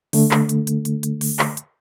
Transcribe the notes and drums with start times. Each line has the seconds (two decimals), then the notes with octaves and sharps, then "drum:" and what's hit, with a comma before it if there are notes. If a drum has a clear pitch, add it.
0.13 D3 A3, drum: open hi-hat
0.31 drum: clap
0.49 drum: hi-hat
0.67 drum: hi-hat
0.85 drum: hi-hat
1.03 drum: hi-hat
1.21 drum: open hi-hat
1.39 drum: clap
1.57 drum: hi-hat